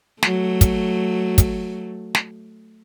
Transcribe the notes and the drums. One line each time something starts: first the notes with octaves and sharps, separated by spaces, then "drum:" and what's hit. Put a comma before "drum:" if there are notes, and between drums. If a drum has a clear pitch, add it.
F#3 A3, drum: snare
drum: kick, hi-hat
drum: kick, hi-hat
drum: snare